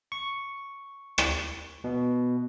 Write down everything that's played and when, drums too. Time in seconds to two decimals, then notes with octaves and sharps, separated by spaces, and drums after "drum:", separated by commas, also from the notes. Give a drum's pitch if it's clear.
0.12 C#6
1.18 drum: rim click
1.84 B2